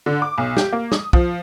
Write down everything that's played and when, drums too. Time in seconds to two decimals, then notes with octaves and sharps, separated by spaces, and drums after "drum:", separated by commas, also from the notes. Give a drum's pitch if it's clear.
0.06 D3
0.22 D6
0.38 B1
0.57 G4, drum: snare
0.73 A#3
0.92 D#6, drum: snare
1.13 F3, drum: kick